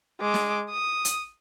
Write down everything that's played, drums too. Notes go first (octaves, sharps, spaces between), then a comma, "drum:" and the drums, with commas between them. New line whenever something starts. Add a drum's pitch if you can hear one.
G#3 D6
drum: snare
D#6
drum: hi-hat